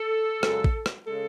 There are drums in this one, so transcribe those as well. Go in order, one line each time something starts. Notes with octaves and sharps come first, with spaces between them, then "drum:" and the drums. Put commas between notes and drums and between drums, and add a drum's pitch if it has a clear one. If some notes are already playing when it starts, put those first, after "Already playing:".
Already playing: A4
F#2 C#3 G#3, drum: rim click
drum: kick A1
drum: rim click
C#3 G#3 A4